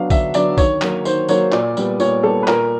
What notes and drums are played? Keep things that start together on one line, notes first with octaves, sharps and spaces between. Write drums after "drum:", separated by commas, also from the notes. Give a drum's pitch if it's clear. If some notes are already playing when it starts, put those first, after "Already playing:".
Already playing: F#3 B3 D4 F5
D3 E5, drum: kick, tambourine
F#3 B3 D4 D5, drum: tambourine
D#3 C#5, drum: kick, tambourine
F#3 A#3, drum: clap
D#3 C5, drum: tambourine
F#3 A#3 C#5, drum: tambourine
A#2 D5, drum: clap
G3 B3, drum: tambourine
A#2 C#5, drum: tambourine
G3 B3 A4
B4
A#2 A#4, drum: clap